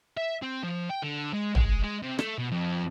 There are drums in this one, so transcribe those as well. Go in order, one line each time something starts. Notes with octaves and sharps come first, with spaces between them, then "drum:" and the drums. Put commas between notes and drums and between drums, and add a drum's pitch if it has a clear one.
E5
C4
F3
G5
D3
G#3
G#3, drum: tom
G#3
C3
A3, drum: rim click
B2
F2